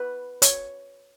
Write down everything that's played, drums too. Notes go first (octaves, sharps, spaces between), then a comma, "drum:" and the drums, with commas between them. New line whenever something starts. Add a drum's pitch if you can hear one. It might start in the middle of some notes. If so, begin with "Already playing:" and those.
Already playing: B4
C#5, drum: hi-hat